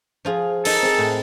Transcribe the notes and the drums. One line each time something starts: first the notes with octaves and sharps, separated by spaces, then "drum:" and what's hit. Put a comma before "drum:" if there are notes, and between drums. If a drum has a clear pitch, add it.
F3 F4 G#4
D#4 A4 A#4, drum: open hi-hat
C4 G#4
A2